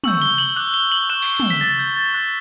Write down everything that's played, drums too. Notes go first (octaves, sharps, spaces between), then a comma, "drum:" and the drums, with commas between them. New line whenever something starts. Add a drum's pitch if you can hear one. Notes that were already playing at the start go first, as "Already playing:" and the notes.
C#6 E6 G6 F#7, drum: tom
G7
F#7
D6 F#6 F#7
G7
F#7
C#6 F#6 E7
drum: cymbal
drum: tom
B6
D6 G6 A6
G6
A6
C#6 F#6 A6